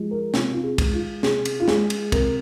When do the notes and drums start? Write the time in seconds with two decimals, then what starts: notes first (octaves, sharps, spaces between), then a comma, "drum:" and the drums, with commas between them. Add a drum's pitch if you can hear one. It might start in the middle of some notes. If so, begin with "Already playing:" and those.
Already playing: F3 G#3
0.11 A#4
0.34 C3 F4, drum: snare
0.52 F4
0.63 G#4
0.78 G#3, drum: kick, cymbal
0.93 F4
1.23 C3 G#4, drum: snare
1.45 drum: cymbal
1.60 F4
1.68 G#3 G#4, drum: snare
1.90 drum: cymbal
2.12 C3 A#4, drum: kick, cymbal